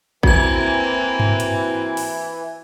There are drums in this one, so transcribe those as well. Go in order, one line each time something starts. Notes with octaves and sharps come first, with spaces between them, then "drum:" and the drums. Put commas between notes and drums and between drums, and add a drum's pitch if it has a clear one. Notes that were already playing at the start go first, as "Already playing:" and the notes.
E3 A#3 C4 F#4 G#6, drum: kick A1
drum: tom G2
drum: hi-hat
drum: open hi-hat